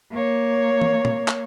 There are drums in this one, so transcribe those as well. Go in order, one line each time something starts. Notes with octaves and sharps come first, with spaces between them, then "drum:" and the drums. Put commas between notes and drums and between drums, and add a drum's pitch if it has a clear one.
A#3 C#5
drum: tom E3
drum: tom
drum: clap